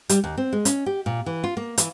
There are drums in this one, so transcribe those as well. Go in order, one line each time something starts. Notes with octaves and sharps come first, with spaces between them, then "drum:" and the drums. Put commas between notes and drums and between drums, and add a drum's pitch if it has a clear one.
G3, drum: hi-hat
D#2
C4
G#3
C#4, drum: hi-hat
G4
A#2
E3
F4
A#3
E3, drum: hi-hat